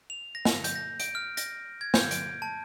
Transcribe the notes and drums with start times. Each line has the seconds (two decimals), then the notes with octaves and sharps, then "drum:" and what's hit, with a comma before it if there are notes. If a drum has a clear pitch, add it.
0.10 F7
0.35 A#6
0.45 drum: snare
0.64 G6, drum: hi-hat
0.75 A#6
1.00 D7, drum: hi-hat
1.15 F6
1.37 A#6, drum: hi-hat
1.81 G#6
1.94 G6, drum: snare
2.11 D7, drum: hi-hat
2.42 A5